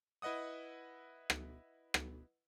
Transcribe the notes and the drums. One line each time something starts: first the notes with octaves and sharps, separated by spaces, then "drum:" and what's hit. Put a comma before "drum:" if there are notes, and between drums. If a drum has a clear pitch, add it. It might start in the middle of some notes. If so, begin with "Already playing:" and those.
E4 B4 D#5 F#5 D#6
drum: rim click
drum: rim click